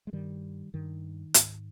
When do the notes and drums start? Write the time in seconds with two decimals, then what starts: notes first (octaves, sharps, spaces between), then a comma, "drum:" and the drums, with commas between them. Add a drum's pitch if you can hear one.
0.07 G#3
0.12 G2 D#3 G3
0.74 G2 D#3
1.34 G#2, drum: hi-hat